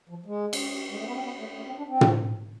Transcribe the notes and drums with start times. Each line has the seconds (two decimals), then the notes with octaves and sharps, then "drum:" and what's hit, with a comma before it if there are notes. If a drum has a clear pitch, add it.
0.09 F3
0.26 G#3
0.53 drum: cymbal
0.91 G#3
0.99 A3
1.07 B3
1.15 C4
1.24 B3
1.39 A3
1.56 A3
1.66 C4
1.78 D4
1.88 C4
2.01 drum: tom